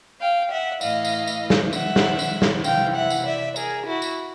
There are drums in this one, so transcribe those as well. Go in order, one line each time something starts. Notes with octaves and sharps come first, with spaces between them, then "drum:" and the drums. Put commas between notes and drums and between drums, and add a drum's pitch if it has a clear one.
F5 G5
E5 F#5
A2 E3 D#5 F5, drum: tambourine
drum: tambourine
drum: tambourine
drum: snare
E5 F#5, drum: tambourine
drum: snare
drum: tambourine
drum: snare
C3 E3 F5 G5, drum: tambourine
E5 F#5
drum: tambourine
D5 E5
G#4 A#4, drum: tambourine
E4 F#4
drum: tambourine